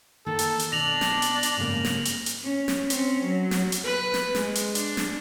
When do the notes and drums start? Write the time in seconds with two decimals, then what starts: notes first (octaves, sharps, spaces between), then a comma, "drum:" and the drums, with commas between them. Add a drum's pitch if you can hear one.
0.26 D#3 A#3 A4
0.39 drum: hi-hat
0.59 drum: hi-hat
0.72 B2 D4 A#6 F7 F#7
1.01 drum: snare
1.22 drum: hi-hat
1.43 drum: hi-hat
1.57 G#2 C#3 A#3
1.85 drum: snare
2.05 drum: hi-hat
2.26 drum: hi-hat
2.43 C#4
2.68 drum: snare
2.90 C4 C#4, drum: hi-hat
3.23 F#3
3.51 drum: snare
3.72 drum: hi-hat
3.85 B4
4.14 drum: snare
4.35 G#3, drum: snare
4.55 drum: hi-hat
4.75 D4, drum: hi-hat
4.97 drum: snare